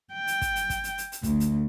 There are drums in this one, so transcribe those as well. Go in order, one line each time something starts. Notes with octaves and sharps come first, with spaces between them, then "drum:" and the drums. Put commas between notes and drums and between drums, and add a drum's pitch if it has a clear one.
G5
drum: hi-hat
drum: kick, hi-hat
drum: hi-hat
drum: kick, hi-hat
drum: hi-hat
drum: hi-hat
drum: hi-hat
D2, drum: kick, hi-hat
drum: hi-hat